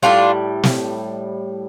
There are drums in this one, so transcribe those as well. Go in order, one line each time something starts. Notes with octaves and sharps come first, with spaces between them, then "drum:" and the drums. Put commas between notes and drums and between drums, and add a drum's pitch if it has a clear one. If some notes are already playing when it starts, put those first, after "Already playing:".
A2 E3 G3 D4 F4
drum: snare